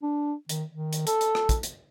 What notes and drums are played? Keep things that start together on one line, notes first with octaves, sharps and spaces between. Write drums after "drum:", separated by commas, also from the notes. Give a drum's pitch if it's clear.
D4
D#3, drum: hi-hat
D#3
drum: hi-hat
A4, drum: hi-hat
drum: hi-hat
drum: rim click
drum: kick, hi-hat
drum: hi-hat